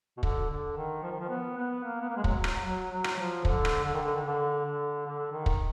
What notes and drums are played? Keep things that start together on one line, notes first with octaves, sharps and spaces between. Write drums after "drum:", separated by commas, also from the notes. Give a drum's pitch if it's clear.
B2
D3, drum: kick
D3
D#3
F3
D#3
F3
B3
B3
A#3
B3
A#3
G#3
F#3, drum: kick
drum: rim click
F#3
F#3
drum: rim click
F3
D3, drum: kick
drum: rim click
D3
D#3
D3
D#3
D3
D3
D3
D#3
drum: kick